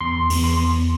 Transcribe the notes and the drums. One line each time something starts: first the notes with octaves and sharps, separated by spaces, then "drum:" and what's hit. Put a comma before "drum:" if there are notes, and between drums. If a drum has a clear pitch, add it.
E2 C6
E2, drum: open hi-hat
C6